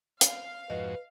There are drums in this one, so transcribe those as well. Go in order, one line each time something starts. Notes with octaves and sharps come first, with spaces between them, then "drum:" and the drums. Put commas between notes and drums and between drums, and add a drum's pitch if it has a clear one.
F5, drum: hi-hat
F2 G#2 F#4 B4 D#5